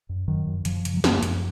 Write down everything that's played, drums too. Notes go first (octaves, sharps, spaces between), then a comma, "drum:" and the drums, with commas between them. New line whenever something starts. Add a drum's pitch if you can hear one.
F#2
F#2 D#3 F#3
F#2
F#2 F3, drum: hi-hat
C#3, drum: hi-hat
F#3
F#2 F3, drum: snare
F#2, drum: hi-hat